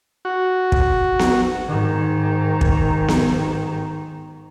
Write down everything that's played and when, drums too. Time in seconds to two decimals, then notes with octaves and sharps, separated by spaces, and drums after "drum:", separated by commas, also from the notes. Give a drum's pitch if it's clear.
0.25 F#4
0.72 drum: kick
1.19 drum: snare B3
1.68 G#2 D#3
2.61 drum: kick
3.08 drum: snare B3